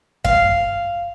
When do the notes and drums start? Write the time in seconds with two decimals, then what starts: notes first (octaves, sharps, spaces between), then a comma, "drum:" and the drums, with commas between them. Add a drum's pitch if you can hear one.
0.25 F5, drum: kick F#2